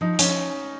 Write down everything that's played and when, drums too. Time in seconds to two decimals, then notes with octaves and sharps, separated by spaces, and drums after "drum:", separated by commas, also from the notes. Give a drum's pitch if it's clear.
0.01 F3 D#4
0.19 F3 C#4, drum: hi-hat